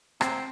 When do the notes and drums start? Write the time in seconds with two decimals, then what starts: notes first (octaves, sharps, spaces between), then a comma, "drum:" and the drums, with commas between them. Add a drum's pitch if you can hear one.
0.21 C4, drum: rim click